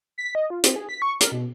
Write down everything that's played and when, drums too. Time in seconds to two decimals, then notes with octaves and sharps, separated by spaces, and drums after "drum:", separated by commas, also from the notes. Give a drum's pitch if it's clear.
0.18 B6
0.35 D#5
0.50 F4
0.64 C4, drum: hi-hat
0.76 G#4
0.89 B6
1.02 C#6
1.20 A#4, drum: hi-hat
1.32 B2